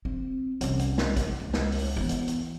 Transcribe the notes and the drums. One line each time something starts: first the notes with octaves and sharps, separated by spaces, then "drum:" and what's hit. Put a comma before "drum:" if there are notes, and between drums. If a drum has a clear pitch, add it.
C4
C2 C#4, drum: hi-hat
drum: hi-hat
drum: snare
drum: kick, hi-hat
C#2
drum: snare
drum: open hi-hat
E3 B3
drum: hi-hat
drum: hi-hat